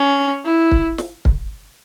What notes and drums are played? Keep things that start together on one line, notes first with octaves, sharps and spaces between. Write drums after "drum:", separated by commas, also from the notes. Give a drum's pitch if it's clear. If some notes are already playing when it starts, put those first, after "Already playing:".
Already playing: C#4
E4
drum: kick
drum: snare
drum: kick